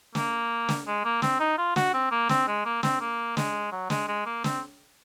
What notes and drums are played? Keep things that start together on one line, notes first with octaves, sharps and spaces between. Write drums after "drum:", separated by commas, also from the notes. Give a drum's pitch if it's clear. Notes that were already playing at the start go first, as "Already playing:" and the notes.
A#3, drum: snare
drum: snare
G#3
A#3
C4, drum: snare
D#4
F4
F#4, drum: snare
C4
A#3
C4, drum: snare
G#3
A#3
C4, drum: snare
A#3
G#3, drum: snare
F#3
G#3, drum: snare
G#3
A#3
C4, drum: snare